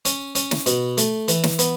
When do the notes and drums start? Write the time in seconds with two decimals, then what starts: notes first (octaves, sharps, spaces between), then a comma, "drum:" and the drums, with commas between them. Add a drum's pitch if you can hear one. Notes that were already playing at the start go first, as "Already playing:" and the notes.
0.05 C#4, drum: hi-hat
0.35 C#4, drum: hi-hat
0.51 drum: snare
0.66 B2, drum: hi-hat
0.98 A3, drum: hi-hat
1.28 E3, drum: hi-hat
1.44 drum: snare
1.59 B3, drum: hi-hat